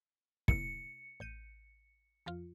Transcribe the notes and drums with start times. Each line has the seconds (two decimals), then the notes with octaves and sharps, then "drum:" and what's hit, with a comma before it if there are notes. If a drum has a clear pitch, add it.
0.48 C3 A#3 E4 C#7, drum: kick
1.20 A1 G6 D#7
2.26 F2 F3 F4